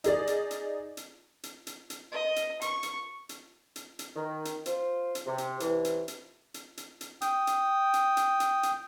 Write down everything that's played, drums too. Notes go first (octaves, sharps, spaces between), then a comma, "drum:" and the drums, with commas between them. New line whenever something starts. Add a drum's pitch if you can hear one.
D#4 G#4 D5, drum: hi-hat
drum: hi-hat
drum: hi-hat
drum: hi-hat
drum: hi-hat
drum: hi-hat
drum: hi-hat
D#5
drum: hi-hat
C#6, drum: hi-hat
drum: hi-hat
drum: hi-hat
drum: hi-hat
drum: hi-hat
D#3
drum: hi-hat
F4 C5, drum: hi-hat
drum: hi-hat
C3
drum: hi-hat
C2 E3, drum: hi-hat
drum: hi-hat
drum: hi-hat
drum: hi-hat
drum: hi-hat
drum: hi-hat
G5 D#6, drum: hi-hat
drum: hi-hat
drum: hi-hat
drum: hi-hat
drum: hi-hat
drum: hi-hat